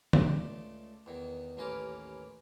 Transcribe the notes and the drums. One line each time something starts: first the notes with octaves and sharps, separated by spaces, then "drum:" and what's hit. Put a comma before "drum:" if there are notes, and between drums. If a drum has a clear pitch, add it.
C#2 A3 D5 A5, drum: tom
E2 D#3
A1 D#2 C#4 A#4 B4 D6